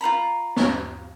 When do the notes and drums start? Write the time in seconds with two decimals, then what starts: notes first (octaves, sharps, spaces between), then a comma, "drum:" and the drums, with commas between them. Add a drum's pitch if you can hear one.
0.01 F4 C5 A#5 B5
0.56 drum: snare